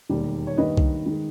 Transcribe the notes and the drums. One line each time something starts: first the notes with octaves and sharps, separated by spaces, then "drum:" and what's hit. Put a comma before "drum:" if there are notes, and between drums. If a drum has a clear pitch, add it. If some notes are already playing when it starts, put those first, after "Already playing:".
E1 D#2 D#3 G3
C#5
G2 D#3 A#3 B4 D#5
drum: kick C2
D#3 G#3